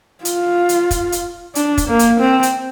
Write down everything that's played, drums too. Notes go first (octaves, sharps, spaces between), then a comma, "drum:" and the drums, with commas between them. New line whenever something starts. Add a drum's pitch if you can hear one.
F4, drum: hi-hat
drum: hi-hat
drum: kick, hi-hat
drum: hi-hat
D4, drum: hi-hat
drum: kick, hi-hat
A#3
drum: hi-hat
C4
drum: hi-hat